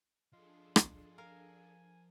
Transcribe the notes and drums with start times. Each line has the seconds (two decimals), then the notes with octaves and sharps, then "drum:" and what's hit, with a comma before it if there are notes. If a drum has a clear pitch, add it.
0.33 F3 D4 F4 G#4 A4 D#5
0.76 drum: rim click
1.18 A#4 F5 G#5